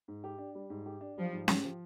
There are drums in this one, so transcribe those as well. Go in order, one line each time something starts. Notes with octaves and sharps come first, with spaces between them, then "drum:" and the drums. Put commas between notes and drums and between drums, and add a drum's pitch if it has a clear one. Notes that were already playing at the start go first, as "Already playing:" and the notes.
G#2
G4
D4
G3
G#2
G4
D4
F3 G3
G#2
G4, drum: snare C#4
F3